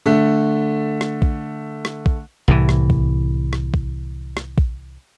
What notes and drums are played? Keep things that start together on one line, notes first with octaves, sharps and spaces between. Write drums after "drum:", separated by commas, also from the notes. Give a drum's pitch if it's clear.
D3 A3
drum: rim click
drum: kick A#1
drum: rim click
drum: kick A#1
C2 A2 E3
drum: rim click
drum: kick A#1
drum: rim click
drum: kick A#1
drum: rim click
drum: kick A#1